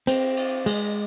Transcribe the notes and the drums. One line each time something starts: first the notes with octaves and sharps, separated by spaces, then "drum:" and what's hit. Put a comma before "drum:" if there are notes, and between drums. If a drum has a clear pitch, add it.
C4, drum: cymbal
drum: cymbal
G#3, drum: cymbal